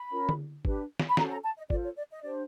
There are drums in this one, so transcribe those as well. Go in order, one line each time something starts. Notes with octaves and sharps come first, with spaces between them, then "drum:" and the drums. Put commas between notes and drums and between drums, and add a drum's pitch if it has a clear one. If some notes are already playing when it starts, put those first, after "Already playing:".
Already playing: B5
C#4 F4 A#4 C#5
drum: tom D3
D4 G4 B4, drum: kick
drum: snare
B5
C#4 F#4 A4 C5 A#5, drum: snare
A#5
A5
D#5
F4 A4 C5 D5, drum: kick
C#5
D5
D#5
D4 G4 C5 D5